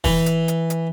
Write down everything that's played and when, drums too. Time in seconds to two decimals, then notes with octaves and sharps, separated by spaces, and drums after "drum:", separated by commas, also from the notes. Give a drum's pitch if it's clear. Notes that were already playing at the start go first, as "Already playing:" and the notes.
0.04 E3, drum: kick, open hi-hat
0.26 drum: hi-hat
0.48 drum: hi-hat
0.70 drum: hi-hat